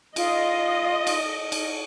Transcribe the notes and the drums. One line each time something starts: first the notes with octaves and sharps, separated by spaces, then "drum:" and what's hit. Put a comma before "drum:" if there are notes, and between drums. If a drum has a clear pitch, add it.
F4 D#5, drum: cymbal
drum: cymbal
drum: cymbal